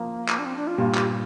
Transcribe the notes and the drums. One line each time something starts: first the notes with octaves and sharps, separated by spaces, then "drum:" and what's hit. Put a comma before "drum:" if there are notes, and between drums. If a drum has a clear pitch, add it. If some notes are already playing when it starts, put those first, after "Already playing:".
Already playing: F3 A#3
drum: clap
D4
C4
D4
F4
G2 A#2 G4
drum: clap